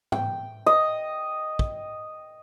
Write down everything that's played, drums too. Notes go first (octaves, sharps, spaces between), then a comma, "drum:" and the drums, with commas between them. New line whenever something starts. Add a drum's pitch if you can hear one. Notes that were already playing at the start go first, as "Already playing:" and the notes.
G5, drum: tom G#2
D#5
drum: kick